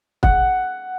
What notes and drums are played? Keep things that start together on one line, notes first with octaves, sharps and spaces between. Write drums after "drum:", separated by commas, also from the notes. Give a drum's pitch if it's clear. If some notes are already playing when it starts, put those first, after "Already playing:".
F#5, drum: kick